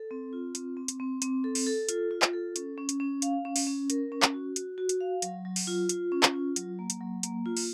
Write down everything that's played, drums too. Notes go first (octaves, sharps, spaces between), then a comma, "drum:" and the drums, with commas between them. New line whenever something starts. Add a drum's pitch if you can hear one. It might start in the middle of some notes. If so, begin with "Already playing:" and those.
Already playing: A4
C4
F4
C4, drum: hi-hat
C4
drum: hi-hat
C4
C4, drum: hi-hat
A4
drum: open hi-hat
A4
F4, drum: hi-hat
F4
drum: clap
A4
C#4, drum: hi-hat
C#4
drum: hi-hat
C#4
F5, drum: hi-hat
C#4
drum: open hi-hat
C#4
A#4, drum: hi-hat
C#4
drum: clap
F#4
F#4, drum: hi-hat
F#4
drum: hi-hat
F5
F#3, drum: hi-hat
F#3
drum: open hi-hat
F4
F4, drum: hi-hat
C#4
drum: clap
F4
F#3, drum: hi-hat
A#3
drum: hi-hat
F#3
A#3, drum: hi-hat
F4
drum: open hi-hat